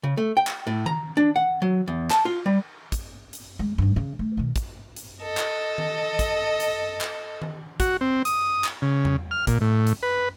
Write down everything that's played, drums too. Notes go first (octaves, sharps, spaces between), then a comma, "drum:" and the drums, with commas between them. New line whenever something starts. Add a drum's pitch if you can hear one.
C#3
A3
G5
drum: clap
A2
A#5, drum: tom D#3
D4
F#5
F#3
E2
A5, drum: clap
F4
G3
drum: kick, hi-hat
drum: hi-hat
G#3
G#1 G2
C#3
A3
B2 D#3
drum: kick, hi-hat
drum: hi-hat
A4 D#5
drum: clap
drum: tom D#3
drum: kick, hi-hat
drum: hi-hat
drum: clap
drum: tom D#3
F#4, drum: kick, hi-hat
C4
D#6, drum: hi-hat
drum: clap
C#3
drum: tom E2
F6
A#2, drum: kick, hi-hat
A2
drum: hi-hat
B4